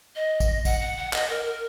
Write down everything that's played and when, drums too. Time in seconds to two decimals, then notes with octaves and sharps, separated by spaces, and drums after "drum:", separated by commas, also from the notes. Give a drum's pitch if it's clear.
0.16 D#5
0.40 drum: kick, tambourine
0.65 F#5, drum: kick, tambourine
0.80 F#5
0.97 F#5
1.13 D#5, drum: clap
1.30 A#4
1.45 A#4